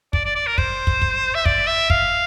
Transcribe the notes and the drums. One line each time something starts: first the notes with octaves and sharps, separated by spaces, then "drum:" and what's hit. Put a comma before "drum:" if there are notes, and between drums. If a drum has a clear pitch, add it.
D5, drum: kick
D5
D5
A#4
C5, drum: kick
drum: kick
drum: kick
E5
D5, drum: kick
E5
F5, drum: kick